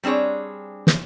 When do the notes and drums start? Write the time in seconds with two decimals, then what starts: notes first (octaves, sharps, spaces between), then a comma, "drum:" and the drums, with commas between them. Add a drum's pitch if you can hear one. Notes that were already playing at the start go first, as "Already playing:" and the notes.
0.03 G3 C4 D4 G#4 C#5
0.87 drum: snare